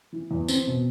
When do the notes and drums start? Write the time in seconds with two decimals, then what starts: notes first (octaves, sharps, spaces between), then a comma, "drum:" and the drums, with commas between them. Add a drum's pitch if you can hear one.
0.13 E3
0.31 E2
0.48 C4, drum: tambourine
0.67 B2